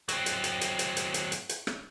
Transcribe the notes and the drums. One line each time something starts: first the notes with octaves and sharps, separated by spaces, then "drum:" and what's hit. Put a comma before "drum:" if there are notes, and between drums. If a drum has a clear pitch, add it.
F#3 C4, drum: hi-hat
drum: hi-hat
drum: hi-hat
drum: hi-hat
drum: hi-hat
drum: hi-hat
drum: hi-hat
drum: hi-hat
drum: hi-hat
drum: rim click